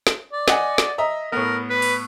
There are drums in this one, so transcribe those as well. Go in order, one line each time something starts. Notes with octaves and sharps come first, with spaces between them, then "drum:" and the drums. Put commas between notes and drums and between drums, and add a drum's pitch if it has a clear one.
drum: snare
D5
D#5 F#5 G#5, drum: snare
drum: snare
D#5 E5 A#5
A2 A3 B3 A#4
B4
drum: open hi-hat